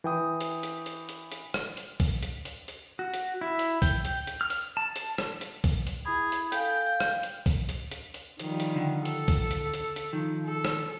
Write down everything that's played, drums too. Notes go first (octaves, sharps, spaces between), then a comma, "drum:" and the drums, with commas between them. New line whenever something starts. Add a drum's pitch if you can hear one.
E3 G5 D#6
drum: hi-hat
drum: hi-hat
drum: hi-hat
drum: hi-hat
drum: hi-hat
drum: rim click
drum: hi-hat
drum: kick B1, open hi-hat
drum: hi-hat
drum: hi-hat
drum: hi-hat
F#4
drum: hi-hat
E4
drum: hi-hat
G5, drum: kick B1, open hi-hat
drum: hi-hat
drum: hi-hat
F6
drum: hi-hat
A5
drum: hi-hat
drum: rim click
drum: hi-hat
drum: kick B1, open hi-hat
drum: hi-hat
E4 G#4 B5
drum: hi-hat
A4 F5 G5 G#5, drum: hi-hat
F5
drum: rim click
drum: hi-hat
drum: kick B1, open hi-hat
drum: hi-hat
drum: hi-hat
drum: hi-hat
D#3 F3 G3, drum: hi-hat
drum: hi-hat
D3
A4, drum: hi-hat
drum: kick B1, open hi-hat
drum: hi-hat
drum: hi-hat
drum: hi-hat
D#3 F3
A4
drum: rim click